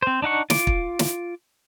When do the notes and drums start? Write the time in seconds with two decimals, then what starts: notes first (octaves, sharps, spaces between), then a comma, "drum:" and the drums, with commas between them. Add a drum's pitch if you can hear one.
0.02 C4 C5
0.22 D4 D#4 F#5 C#6
0.50 F4 D6, drum: snare
0.67 drum: kick
0.99 drum: snare